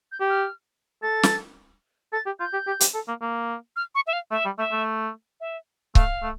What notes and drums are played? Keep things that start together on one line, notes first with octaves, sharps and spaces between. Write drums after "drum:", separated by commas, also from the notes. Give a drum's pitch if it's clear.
G6
G4
F6
A4 A6
drum: snare
A4 A6
G4
F4 G6
G4
G4
G4, drum: hi-hat
A4
A#3
A#3
F6
C#6
E5
F5
A3 E5
G3
A3 E5
A3
E5
A3 F5, drum: kick C#1
A3